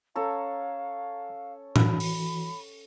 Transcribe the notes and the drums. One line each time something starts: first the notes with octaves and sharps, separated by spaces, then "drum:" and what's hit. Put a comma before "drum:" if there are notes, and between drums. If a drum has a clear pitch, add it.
C#4 A4 C#5 F5 A#5
E3 F#4 B5, drum: tom A2
drum: open hi-hat